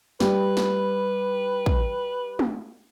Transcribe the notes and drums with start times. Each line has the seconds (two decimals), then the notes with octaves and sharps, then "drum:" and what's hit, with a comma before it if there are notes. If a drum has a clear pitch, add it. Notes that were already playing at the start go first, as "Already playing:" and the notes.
0.20 G3 B4, drum: snare
0.57 drum: snare
1.66 drum: kick
2.39 drum: tom